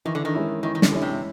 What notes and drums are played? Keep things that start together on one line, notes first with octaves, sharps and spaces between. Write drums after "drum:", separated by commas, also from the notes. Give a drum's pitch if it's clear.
D#3 E3
D3
D#3
G#3 C#4 E4
D#3 E3
D#3
D3, drum: snare
G#3 C#4 E4
C3